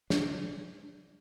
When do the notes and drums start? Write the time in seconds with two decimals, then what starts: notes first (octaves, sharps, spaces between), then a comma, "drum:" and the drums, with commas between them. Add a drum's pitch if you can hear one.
0.10 D4, drum: snare